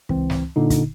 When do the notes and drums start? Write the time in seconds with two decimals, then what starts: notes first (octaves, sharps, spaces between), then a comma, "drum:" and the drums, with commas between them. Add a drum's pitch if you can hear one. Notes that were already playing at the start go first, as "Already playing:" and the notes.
0.09 C#2 E3 C4, drum: kick
0.30 drum: snare
0.56 A#2 D3 D#4
0.70 drum: kick, hi-hat